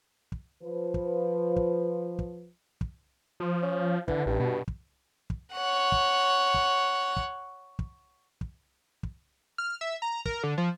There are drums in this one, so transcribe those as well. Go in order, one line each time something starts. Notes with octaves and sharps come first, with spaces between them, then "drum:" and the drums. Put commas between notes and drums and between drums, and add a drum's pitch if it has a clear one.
drum: kick
F3 B4
drum: kick
drum: kick
drum: kick
drum: kick
F3
C#4
D3 E3, drum: kick
A1 G2
B2
drum: kick
drum: kick
C#5 F#5
drum: kick
drum: kick
drum: kick
drum: kick
drum: kick
drum: kick
F6
E5
A#5
A#4, drum: kick
D3
F3